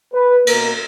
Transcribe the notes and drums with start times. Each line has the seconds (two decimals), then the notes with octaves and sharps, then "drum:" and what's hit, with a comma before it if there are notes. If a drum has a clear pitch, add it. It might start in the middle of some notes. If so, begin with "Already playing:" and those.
0.13 B4
0.47 B2 A#3 A#4, drum: cymbal